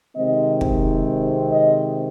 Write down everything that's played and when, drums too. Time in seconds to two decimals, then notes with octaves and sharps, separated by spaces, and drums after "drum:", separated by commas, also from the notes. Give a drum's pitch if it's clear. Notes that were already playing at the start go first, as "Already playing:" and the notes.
0.16 C3 D#3 G#3 C4 D#5
0.61 drum: kick
1.51 D#5